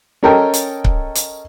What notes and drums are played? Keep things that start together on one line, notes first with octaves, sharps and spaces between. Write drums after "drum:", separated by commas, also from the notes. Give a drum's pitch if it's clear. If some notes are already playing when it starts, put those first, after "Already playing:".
C#4 A4 A#4 D#5 G5
drum: hi-hat
drum: kick C#1
drum: hi-hat